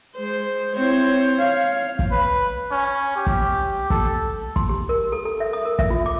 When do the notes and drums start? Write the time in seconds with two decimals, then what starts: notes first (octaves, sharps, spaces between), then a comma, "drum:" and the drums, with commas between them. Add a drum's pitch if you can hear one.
0.16 G#3 C5
0.76 C4 E4 C5 C#5
1.38 C#5 F5
1.99 drum: kick
2.12 B4
2.71 C#4
3.16 G4
3.27 drum: kick
3.90 A4, drum: kick
4.56 C6, drum: kick
4.69 G4
4.89 A#4
5.12 A4
5.25 A4
5.40 E5
5.53 D#6
5.65 A#4
5.79 E5, drum: kick
5.90 F4
6.06 D6